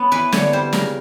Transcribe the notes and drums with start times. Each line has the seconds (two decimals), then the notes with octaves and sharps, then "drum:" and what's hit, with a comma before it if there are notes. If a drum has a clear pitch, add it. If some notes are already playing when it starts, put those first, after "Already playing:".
Already playing: B3 C#4
0.12 E3 B4
0.32 D3 C#5, drum: snare
0.53 G3 C5
0.73 C#3 A#4, drum: snare